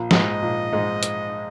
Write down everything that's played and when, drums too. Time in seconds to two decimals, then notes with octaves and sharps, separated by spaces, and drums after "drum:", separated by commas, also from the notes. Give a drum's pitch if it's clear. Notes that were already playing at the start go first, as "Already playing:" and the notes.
Already playing: A#1
0.11 G#2 G#3 D#4 D#5, drum: snare
0.42 A#1
0.73 G#2 G#3 D#4
1.03 drum: hi-hat